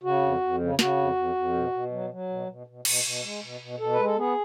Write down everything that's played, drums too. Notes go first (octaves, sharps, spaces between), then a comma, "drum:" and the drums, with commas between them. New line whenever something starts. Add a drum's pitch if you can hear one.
C#3 F#4
F2
F2
C#3
C#3 F#4, drum: snare
F2
F2
F2
B2
B2
F#3
F#3
B2
B2
B2
B2, drum: cymbal
B2
G#3
B2
B2
B2 A4
B4
G#3
A4
B3 G#4